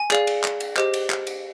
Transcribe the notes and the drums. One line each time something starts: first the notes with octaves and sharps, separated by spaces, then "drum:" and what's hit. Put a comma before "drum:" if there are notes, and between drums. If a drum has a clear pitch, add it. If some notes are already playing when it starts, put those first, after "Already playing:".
Already playing: G#5
G#4 D5 F5, drum: clap
drum: cymbal
drum: clap
drum: cymbal
G4 C5 D#5, drum: clap
drum: cymbal
drum: clap
drum: cymbal